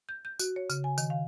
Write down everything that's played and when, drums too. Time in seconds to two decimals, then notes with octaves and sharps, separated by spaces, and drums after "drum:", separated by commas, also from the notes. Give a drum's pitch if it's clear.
0.09 G6
0.25 G6
0.39 F#4, drum: tambourine
0.56 C#5
0.70 C#3, drum: tambourine
0.84 G#5
0.98 D#3, drum: tambourine
1.10 F5